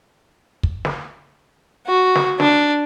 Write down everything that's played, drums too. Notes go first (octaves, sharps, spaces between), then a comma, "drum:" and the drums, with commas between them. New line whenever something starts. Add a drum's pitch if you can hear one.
drum: kick
drum: snare
F#4
drum: snare
D4, drum: snare